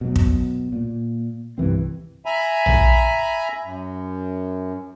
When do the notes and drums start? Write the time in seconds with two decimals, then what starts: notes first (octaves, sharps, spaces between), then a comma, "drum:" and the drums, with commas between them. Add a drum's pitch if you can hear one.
0.01 B2 F#3
0.16 drum: kick
0.72 A#2
1.58 C2 G2 E3 C4
2.26 E5 G#5 A#5 B5
2.66 drum: tom A#1
3.64 F#2